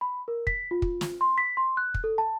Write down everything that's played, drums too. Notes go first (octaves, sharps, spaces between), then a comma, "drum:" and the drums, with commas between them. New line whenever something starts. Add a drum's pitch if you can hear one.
B5
A#4
B6, drum: kick
F4
drum: kick
drum: snare
C6
B6
C6
F#6
drum: kick
A4
A5